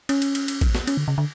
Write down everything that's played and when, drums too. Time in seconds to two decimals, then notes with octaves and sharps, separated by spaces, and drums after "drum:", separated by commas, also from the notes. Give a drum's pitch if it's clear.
0.09 C#4, drum: cymbal
0.22 drum: cymbal
0.35 drum: cymbal
0.48 drum: cymbal
0.61 drum: kick A1, cymbal
0.75 drum: snare
0.87 C#4, drum: cymbal
0.97 D3
1.08 C#3
1.18 D3